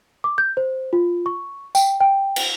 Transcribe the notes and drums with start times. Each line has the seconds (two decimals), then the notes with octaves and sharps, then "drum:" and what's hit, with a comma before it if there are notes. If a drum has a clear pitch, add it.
0.24 D6
0.38 G6
0.57 C5
0.93 F4
1.26 C#6
1.75 G5, drum: tambourine
2.00 G5
2.36 drum: cymbal